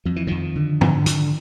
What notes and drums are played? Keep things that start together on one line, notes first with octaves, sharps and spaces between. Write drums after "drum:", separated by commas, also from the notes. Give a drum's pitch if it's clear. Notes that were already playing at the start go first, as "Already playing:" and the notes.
F2 F3
E3
F2 D#3 F3
D3
D3, drum: tom
D3, drum: hi-hat